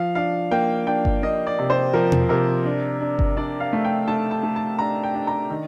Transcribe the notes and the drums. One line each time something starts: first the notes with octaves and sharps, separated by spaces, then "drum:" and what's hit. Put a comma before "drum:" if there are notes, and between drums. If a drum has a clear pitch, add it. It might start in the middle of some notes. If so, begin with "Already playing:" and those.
Already playing: F3 F5
D4 F5
A#3 G5
D4 G5
drum: kick G1
A#3 D#5
D5
C3
C5
F3 A#4
drum: tom
C3 A#4
D4
D4
drum: kick G1
D4 D5
F5
A3
G5
A3 A5
A5
A3
A5
D4 A#5
G5
D4
A#5
D#3